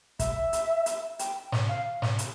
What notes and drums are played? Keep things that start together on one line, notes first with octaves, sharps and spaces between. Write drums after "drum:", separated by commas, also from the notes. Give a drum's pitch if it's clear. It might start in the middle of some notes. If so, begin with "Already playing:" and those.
E5, drum: kick, hi-hat
drum: hi-hat
drum: hi-hat
G5, drum: hi-hat
drum: snare
F5
drum: snare
drum: hi-hat